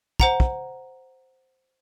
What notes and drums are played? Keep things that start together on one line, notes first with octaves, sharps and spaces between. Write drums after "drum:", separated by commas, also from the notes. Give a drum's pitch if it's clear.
C5 F#5 A#5, drum: kick
drum: kick